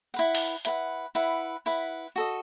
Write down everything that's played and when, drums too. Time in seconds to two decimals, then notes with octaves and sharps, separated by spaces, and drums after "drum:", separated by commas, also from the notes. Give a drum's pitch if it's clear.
0.14 E4 B4 F#5
0.35 drum: open hi-hat
0.65 E4 B4 F#5, drum: hi-hat
1.15 E4 B4 F#5
1.66 E4 B4 F#5
2.16 F#4 A4 D#5